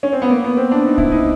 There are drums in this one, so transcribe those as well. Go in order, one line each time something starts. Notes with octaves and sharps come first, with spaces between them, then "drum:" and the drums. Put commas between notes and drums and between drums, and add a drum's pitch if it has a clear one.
C#4
C4
B3
A#3
B3
C4
D4
D#4
E4, drum: kick
D#4